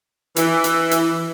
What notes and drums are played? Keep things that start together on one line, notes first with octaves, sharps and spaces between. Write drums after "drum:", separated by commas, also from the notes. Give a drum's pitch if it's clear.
E3, drum: hi-hat
drum: hi-hat
drum: hi-hat